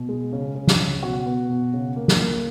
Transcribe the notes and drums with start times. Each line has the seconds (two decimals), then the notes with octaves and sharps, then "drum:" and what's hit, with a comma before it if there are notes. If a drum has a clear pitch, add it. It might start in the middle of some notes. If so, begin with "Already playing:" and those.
Already playing: B2
0.09 G#3
0.33 C#3
0.55 C#3
0.67 drum: snare
0.79 C#3
1.02 B2 F#4
1.26 B3
1.50 B2
1.73 C#3
1.96 A#3
2.08 drum: snare
2.20 A#3